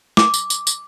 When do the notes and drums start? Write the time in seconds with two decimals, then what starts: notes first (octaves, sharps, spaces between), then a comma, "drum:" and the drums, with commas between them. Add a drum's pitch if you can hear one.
0.17 D6, drum: snare
0.34 drum: tambourine
0.50 drum: tambourine
0.67 drum: tambourine